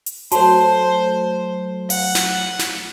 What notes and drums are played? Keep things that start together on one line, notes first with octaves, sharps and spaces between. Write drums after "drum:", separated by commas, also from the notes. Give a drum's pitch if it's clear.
drum: hi-hat
F#3 A3 C5 A5 C6, drum: hi-hat
F#5, drum: open hi-hat
drum: snare
drum: snare